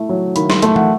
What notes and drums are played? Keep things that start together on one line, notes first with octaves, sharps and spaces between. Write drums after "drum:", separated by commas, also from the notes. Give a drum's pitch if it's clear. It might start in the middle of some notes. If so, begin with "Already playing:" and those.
Already playing: A3 E4
F#3
D#3 B5, drum: hi-hat
C6, drum: snare
A3 C6, drum: hi-hat
F#5, drum: tom